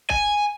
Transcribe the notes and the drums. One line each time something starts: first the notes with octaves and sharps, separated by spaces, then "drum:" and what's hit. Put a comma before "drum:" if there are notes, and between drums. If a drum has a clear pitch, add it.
G#5, drum: kick